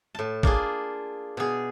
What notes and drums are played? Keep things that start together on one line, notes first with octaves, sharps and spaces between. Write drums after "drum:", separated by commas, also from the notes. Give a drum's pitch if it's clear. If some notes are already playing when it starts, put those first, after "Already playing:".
A2 A5
A#3 D4 F4 G#4, drum: kick A1
B2 G#4